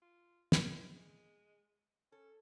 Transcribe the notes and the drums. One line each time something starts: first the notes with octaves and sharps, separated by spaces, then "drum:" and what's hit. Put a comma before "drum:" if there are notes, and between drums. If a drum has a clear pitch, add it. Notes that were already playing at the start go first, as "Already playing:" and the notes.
F4
drum: snare
G#3
C#4 A4